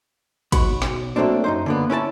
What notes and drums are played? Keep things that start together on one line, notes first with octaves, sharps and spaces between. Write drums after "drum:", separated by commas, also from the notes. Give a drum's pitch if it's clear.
B1 F#4 B5, drum: kick, cymbal
drum: snare
F#3 A3 A#3 C4 D4
F#2 D#4 C5
D3 A#3 B3
C#4 E4 B4 A5